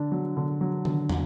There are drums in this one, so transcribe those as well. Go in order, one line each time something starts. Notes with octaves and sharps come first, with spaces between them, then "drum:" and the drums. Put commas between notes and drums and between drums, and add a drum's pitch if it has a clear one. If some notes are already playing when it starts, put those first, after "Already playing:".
Already playing: D3 D4
F#3
D3
F#3
D3, drum: tom D#3
F#3, drum: tom